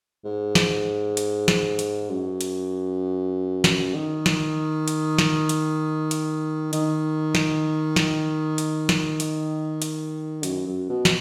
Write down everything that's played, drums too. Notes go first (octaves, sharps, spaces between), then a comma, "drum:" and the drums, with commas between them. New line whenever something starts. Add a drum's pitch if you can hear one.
G#2
drum: snare
drum: hi-hat
drum: snare
drum: hi-hat
F#2
drum: hi-hat
drum: snare
D#3
drum: snare
drum: hi-hat
drum: snare
drum: hi-hat
drum: hi-hat
D#3, drum: hi-hat
drum: snare
drum: snare
drum: hi-hat
drum: snare
drum: hi-hat
drum: hi-hat
F#2, drum: hi-hat
F#2
B2
drum: snare